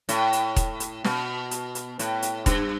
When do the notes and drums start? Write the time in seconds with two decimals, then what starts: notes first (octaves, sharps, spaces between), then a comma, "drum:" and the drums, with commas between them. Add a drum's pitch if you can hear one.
0.09 A2, drum: hi-hat
0.33 drum: hi-hat
0.56 drum: kick E1, hi-hat
0.80 drum: hi-hat
1.04 B2, drum: snare
1.51 drum: hi-hat
1.75 drum: hi-hat
1.99 A2, drum: hi-hat
2.22 drum: hi-hat
2.46 G2, drum: kick E1, hi-hat